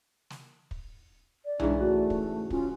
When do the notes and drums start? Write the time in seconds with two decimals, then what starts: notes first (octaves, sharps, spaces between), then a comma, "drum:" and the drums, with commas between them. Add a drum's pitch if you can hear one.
0.30 drum: snare
0.71 drum: kick
1.45 D5
1.60 G#2 C#3 E3 D4, drum: tom B1
1.80 A3 F#4
2.10 drum: kick
2.50 C#4 F4, drum: kick